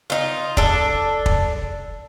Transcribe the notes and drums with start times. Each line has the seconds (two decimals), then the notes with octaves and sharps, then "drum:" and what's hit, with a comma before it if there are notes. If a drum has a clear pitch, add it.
0.10 D#4 F4
0.57 D4 A4, drum: kick
1.26 drum: kick